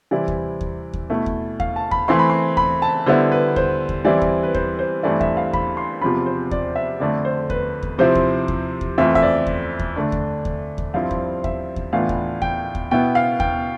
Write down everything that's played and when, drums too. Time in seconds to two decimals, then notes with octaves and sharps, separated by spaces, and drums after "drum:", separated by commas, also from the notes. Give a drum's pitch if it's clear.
0.11 C3 E3 G3 C4 E4 D5
0.28 drum: kick D#2
0.61 drum: kick D#2
0.93 drum: kick D#2
1.10 B2 A3 E4
1.26 drum: kick D#2
1.60 F5, drum: kick D#2
1.76 A5
1.91 B5, drum: kick D#2
2.08 E3 A3 C4 E4 C6
2.19 B5
2.30 C6
2.57 B5, drum: kick D#2
2.82 A5
3.06 D3 G3 B3 E4 C5
3.32 B4
3.56 C5, drum: kick D#2
3.89 drum: kick D#2
4.05 E3 G3 C4 E4 D5
4.22 drum: kick D#2
4.43 B4
4.54 C5, drum: kick D#2
4.79 C5
5.03 G2 E3 A3 C4 E4 D5
5.21 E5, drum: kick D#2
5.37 F5
5.53 B5, drum: kick D#2
5.77 C6
6.01 E2 C3 F3 C4 F4 B5
6.26 C5
6.51 D5, drum: kick D#2
6.76 E5
7.00 F2 D3 A3 D5
7.25 C5
7.50 B4, drum: kick D#2
7.83 drum: kick D#2
7.98 C3 F3 C4 E4 C5
8.15 drum: kick D#2
8.48 drum: kick D#2
8.81 drum: kick D#2
8.98 F2 E3 A3 C4 F4 E5
9.15 E5, drum: kick D#2
9.22 D5
9.47 drum: kick D#2
9.79 drum: kick D#2
9.96 D3 A3 D4
10.12 drum: kick D#2
10.45 drum: kick D#2
10.78 drum: kick D#2
10.94 G2 F3 C4 E4 F5
11.11 drum: kick D#2
11.44 E5, drum: kick D#2
11.76 drum: kick D#2
11.93 A2 E3 B3 D4 F4 F5
12.09 drum: kick D#2
12.42 G5, drum: kick D#2
12.75 drum: kick D#2
12.91 B2 B3 E4 G5
13.15 F5
13.40 G5, drum: kick D#2